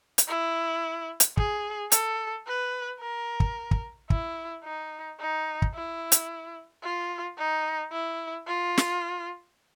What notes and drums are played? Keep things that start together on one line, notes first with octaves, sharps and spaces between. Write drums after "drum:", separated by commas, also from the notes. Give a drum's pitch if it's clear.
drum: hi-hat
E4
drum: hi-hat
G#4, drum: kick
A4, drum: hi-hat
B4
A#4
drum: kick
drum: kick
E4, drum: kick
D#4
D#4
drum: kick
E4
drum: hi-hat
F4
D#4
E4
F4
drum: snare